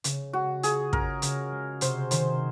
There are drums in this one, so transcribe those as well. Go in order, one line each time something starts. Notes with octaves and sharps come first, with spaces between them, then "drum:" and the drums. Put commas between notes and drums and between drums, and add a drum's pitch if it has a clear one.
C#3, drum: hi-hat
G#3 F#4
F4 G#4, drum: hi-hat
C#4 A#4, drum: kick
C#3, drum: hi-hat
G#3
C3 C5, drum: hi-hat
D#3 C5, drum: hi-hat